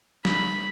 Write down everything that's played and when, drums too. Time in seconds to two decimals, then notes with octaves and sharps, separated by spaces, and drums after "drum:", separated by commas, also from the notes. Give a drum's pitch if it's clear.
0.25 B5, drum: snare